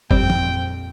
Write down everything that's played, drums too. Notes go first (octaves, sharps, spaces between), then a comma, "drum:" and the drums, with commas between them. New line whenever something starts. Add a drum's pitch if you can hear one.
A#1 F2 G3 C4 G5, drum: kick F#1
drum: tom